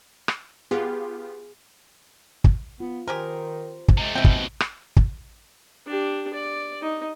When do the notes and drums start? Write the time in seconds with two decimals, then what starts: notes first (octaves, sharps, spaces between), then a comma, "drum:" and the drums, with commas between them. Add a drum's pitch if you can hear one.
0.28 drum: rim click
0.71 B3 F4 G4 G#4
2.44 drum: kick
2.80 B3 F4
3.08 D#3 G4 G#4 A#4 C5
3.88 drum: kick
3.98 C3 G#3 A3
4.15 D#2 B2 G#3 C4 E5 G5
4.24 drum: kick
4.60 drum: rim click
4.96 drum: kick
5.87 D4 G4
6.33 D5
6.82 D#4